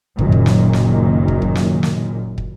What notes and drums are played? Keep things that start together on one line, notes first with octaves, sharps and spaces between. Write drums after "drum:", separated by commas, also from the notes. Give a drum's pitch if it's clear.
F#1 F#2 A#2 D#3, drum: kick
drum: kick
drum: snare
drum: snare
drum: kick
drum: kick
drum: snare
drum: snare
drum: kick